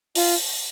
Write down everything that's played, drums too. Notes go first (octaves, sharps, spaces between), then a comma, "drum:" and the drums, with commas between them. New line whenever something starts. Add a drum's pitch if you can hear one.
F4, drum: open hi-hat